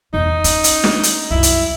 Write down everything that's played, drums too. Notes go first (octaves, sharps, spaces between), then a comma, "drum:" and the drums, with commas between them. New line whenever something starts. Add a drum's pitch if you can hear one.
E2 D#4
C#4, drum: hi-hat
drum: hi-hat
drum: snare
drum: hi-hat
C2 F#2 E4
drum: hi-hat